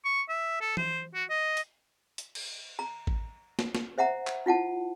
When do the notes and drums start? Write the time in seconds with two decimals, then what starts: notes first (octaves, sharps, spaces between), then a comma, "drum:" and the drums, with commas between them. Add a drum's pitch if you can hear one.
0.05 C#6
0.29 E5
0.61 A4
0.77 C5, drum: tom E3
1.15 F#4
1.30 D#5
1.57 drum: hi-hat
2.18 drum: hi-hat
2.35 drum: cymbal
2.79 A#5
3.07 drum: kick A1
3.59 drum: snare
3.75 drum: snare
3.98 C5 E5 F#5 A#5
4.27 drum: clap
4.46 E4 F4 F#5 A5